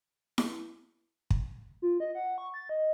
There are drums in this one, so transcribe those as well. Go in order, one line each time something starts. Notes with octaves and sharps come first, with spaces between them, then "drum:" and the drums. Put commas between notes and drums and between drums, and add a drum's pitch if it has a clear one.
drum: snare E4
drum: kick
F4
D#5
F#5
C#6
A6
D#5